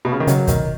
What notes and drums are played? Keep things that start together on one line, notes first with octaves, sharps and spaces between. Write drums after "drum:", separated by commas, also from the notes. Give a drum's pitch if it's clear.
B2
C#3
D#3
C#3 F#3, drum: hi-hat
B2 D#3, drum: kick, hi-hat